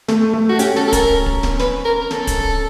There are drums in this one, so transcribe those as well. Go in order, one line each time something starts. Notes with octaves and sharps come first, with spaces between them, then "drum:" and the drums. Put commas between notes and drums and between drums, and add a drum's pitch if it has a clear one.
A3, drum: snare
A3
F#4
C#4 G4, drum: hi-hat
A4, drum: snare
A4
A#4, drum: kick, hi-hat
drum: kick
drum: snare
B4, drum: snare
A#4
A#4
A4, drum: snare
drum: kick, hi-hat